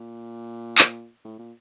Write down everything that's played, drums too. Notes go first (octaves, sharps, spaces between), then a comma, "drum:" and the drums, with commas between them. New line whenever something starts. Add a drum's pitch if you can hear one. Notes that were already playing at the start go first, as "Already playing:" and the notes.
Already playing: A#2
drum: clap
A2
A#2